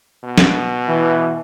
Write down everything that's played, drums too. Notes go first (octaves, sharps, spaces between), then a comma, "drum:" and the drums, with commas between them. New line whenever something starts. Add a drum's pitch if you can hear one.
B2
drum: snare
E3